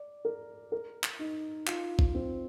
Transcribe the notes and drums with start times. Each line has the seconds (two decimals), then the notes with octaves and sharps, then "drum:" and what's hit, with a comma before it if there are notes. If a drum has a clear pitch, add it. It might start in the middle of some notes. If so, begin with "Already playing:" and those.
Already playing: D5
0.25 A#4
0.72 A#4
1.04 drum: clap
1.19 D#4
1.67 F4, drum: clap
1.99 drum: kick A1
2.15 C4